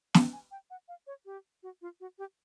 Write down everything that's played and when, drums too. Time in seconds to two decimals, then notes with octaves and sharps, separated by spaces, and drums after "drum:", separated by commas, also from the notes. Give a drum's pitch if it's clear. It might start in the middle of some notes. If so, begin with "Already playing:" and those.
0.14 F5, drum: snare
0.33 G#5
0.51 G5
0.70 F#5
0.88 F5
1.07 C#5
1.26 G4
1.63 F#4
1.82 F4
2.00 F#4
2.19 G4